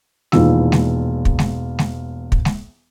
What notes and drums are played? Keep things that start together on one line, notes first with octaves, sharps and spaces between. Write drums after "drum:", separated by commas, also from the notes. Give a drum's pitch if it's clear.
E1 A#2 D#3 E3 F4 E6, drum: snare
drum: snare
drum: kick
drum: snare
drum: snare
drum: kick
drum: snare